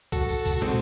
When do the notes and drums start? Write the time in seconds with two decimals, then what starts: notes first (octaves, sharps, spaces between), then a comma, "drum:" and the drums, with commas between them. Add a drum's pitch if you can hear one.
0.12 F#4 A4, drum: kick C2, tambourine
0.29 drum: tambourine
0.46 drum: kick C2, tambourine
0.62 G#3 C4, drum: tom